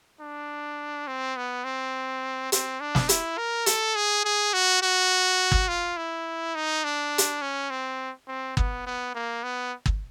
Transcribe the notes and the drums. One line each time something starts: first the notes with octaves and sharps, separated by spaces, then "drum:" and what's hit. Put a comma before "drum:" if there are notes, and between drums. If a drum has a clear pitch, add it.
D4
C4
B3
C4
C4, drum: hi-hat
D4
drum: snare
E4, drum: hi-hat
A#4
A4, drum: hi-hat
G#4
G#4
F#4
F#4
drum: kick
F4
E4
D#4
D4
drum: hi-hat
C#4
C4
C4
B3, drum: kick
B3
A#3
B3
drum: kick